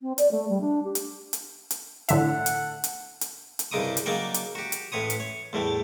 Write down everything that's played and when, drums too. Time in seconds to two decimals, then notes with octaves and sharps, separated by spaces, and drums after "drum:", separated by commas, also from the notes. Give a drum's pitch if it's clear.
0.01 C4
0.18 D5, drum: hi-hat
0.31 A3
0.49 G3
0.61 D4
0.84 G4
0.95 drum: hi-hat
1.33 drum: hi-hat
1.71 drum: hi-hat
2.09 A2 D3 A4 E5 F#5, drum: hi-hat
2.46 drum: hi-hat
2.84 drum: hi-hat
3.21 drum: hi-hat
3.59 drum: hi-hat
3.71 C2 G2 C#3 D#4 D6 D#6
3.97 drum: hi-hat
4.06 C#3 F#3 A#3 D#4 D5 G5
4.34 drum: hi-hat
4.55 F#4 G4
4.72 drum: hi-hat
4.92 A1 A2 B4 C#5 D#6
5.10 drum: hi-hat
5.20 C#5
5.53 E2 A2 G3 A3